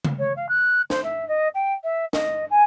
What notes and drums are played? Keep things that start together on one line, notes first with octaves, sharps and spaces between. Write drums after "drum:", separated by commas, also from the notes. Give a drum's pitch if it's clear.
drum: tom C#3
C#5
F5
F#6
C5, drum: snare
E5
D#5
G5
E5
D#5, drum: snare
G#5